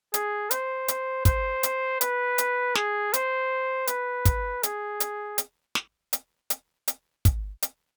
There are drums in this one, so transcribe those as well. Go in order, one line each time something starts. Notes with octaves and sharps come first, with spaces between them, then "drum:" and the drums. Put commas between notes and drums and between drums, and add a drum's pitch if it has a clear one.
G#4, drum: hi-hat
C5, drum: hi-hat
drum: hi-hat
C5, drum: kick, hi-hat
drum: hi-hat
B4, drum: hi-hat
drum: hi-hat
G#4, drum: snare
C5, drum: hi-hat
B4, drum: hi-hat
drum: kick, hi-hat
G#4, drum: hi-hat
drum: hi-hat
drum: hi-hat
drum: snare
drum: hi-hat
drum: hi-hat
drum: hi-hat
drum: kick, hi-hat
drum: hi-hat